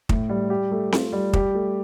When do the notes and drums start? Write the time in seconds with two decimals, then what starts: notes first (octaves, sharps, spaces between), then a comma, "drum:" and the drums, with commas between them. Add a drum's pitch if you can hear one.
0.09 A2, drum: kick
0.29 G3
0.50 G4
0.71 A3
0.92 F4, drum: snare C4
1.13 G3
1.33 G4, drum: kick
1.55 A3